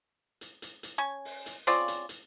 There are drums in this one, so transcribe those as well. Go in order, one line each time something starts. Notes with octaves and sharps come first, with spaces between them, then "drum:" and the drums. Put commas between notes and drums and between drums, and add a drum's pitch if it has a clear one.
drum: hi-hat
drum: hi-hat
drum: hi-hat
C#4 G#5
drum: open hi-hat
drum: hi-hat
C#3 C4 F4 D5, drum: hi-hat
drum: hi-hat
drum: hi-hat